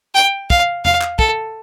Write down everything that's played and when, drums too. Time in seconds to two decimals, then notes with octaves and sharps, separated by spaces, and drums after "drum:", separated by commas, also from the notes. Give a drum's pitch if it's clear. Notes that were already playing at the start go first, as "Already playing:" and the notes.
0.15 G5
0.50 F5, drum: kick
0.85 F5, drum: tom E2
1.01 drum: clap
1.19 A4, drum: kick